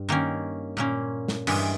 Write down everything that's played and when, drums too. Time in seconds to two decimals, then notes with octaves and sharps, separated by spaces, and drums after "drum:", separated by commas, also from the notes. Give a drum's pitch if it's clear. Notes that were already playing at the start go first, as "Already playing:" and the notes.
Already playing: G2
0.09 D#3 A#3 C#4
0.77 A#2 A#3 C#4
1.28 drum: snare
1.47 G2 E3 G#3, drum: cymbal